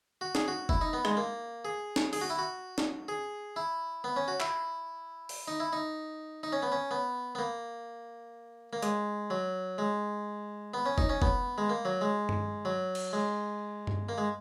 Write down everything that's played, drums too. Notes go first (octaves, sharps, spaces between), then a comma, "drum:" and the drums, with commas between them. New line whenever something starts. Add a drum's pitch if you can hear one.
F#4
G#4, drum: snare
F#4
E4, drum: kick
D#4
B3
G#3, drum: rim click
A#3
G#4
drum: snare
G#4, drum: open hi-hat
F#4
E4
F#4
drum: snare
G#4
E4
B3
C#4
F#4
E4, drum: clap
drum: open hi-hat
D#4
E4
D#4
D#4
C#4
B3
C#4
B3
B3
A#3
A#3
G#3, drum: hi-hat
F#3
G#3
B3
C#4
D#4, drum: kick
C#4
B3, drum: kick
G#3
A#3
F#3
G#3
drum: tom G2
F#3
drum: cymbal
G#3
drum: tom G2
A#3
G#3